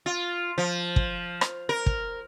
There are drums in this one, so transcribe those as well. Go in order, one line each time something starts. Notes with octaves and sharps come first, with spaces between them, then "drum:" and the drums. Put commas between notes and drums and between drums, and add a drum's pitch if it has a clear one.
F4
F3
drum: kick
drum: rim click
A#4
drum: kick